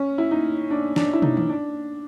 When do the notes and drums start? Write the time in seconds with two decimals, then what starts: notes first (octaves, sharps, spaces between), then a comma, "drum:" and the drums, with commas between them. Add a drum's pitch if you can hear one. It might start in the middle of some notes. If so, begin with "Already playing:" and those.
Already playing: C#4
0.18 E4
0.31 D#4
0.71 D4
0.96 D4, drum: snare
1.13 E4
1.22 D#4, drum: tom
1.37 drum: tom D#3
1.50 D4